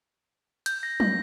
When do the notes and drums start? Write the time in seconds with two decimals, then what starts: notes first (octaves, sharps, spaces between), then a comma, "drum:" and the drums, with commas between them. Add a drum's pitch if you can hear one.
0.66 G6, drum: hi-hat
0.83 A#6
1.00 A#6, drum: tom